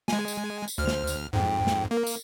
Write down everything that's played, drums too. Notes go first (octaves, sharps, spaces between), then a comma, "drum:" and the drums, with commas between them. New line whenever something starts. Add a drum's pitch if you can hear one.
G#3 G#5, drum: snare
drum: tambourine
drum: tambourine
D2 C5 F6
drum: snare
drum: tambourine
F2 G#2 G5
drum: snare
A#3 A#4
drum: tambourine